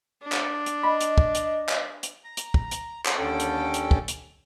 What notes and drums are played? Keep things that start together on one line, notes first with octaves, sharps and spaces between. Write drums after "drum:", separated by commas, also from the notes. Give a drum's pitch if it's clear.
D4
drum: clap
drum: hi-hat
D#5 B5
drum: hi-hat
drum: kick
drum: hi-hat
drum: clap
drum: hi-hat
A#5
drum: hi-hat
drum: kick
drum: hi-hat
drum: clap
D#2 D3 C#4 A4 G5
drum: hi-hat
drum: hi-hat
drum: kick
drum: hi-hat